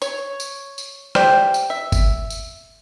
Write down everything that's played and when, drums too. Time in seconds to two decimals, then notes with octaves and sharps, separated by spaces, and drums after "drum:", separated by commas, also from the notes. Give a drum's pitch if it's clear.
0.02 C#5, drum: tambourine
0.40 drum: tambourine
0.78 drum: tambourine
1.15 G4 C5 D5 G5, drum: rim click
1.54 drum: tambourine
1.70 E5
1.92 drum: kick, tambourine
2.30 drum: tambourine